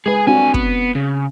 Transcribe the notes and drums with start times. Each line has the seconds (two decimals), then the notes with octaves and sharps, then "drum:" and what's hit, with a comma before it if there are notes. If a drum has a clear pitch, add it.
0.06 G#3 G#4 B4 G#5
0.27 D3 C4 D4 F#4 G#5
0.54 B3, drum: kick
0.95 C#3